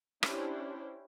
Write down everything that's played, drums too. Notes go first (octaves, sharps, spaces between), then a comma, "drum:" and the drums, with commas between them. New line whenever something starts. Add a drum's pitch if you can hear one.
C#4 D4 E4 G4 C5, drum: rim click